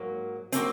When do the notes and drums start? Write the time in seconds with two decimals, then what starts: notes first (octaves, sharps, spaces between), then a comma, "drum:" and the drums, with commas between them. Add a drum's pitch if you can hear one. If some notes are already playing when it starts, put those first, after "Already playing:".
Already playing: G#2 F#3 A#3
0.52 F#3 A#3 C4, drum: hi-hat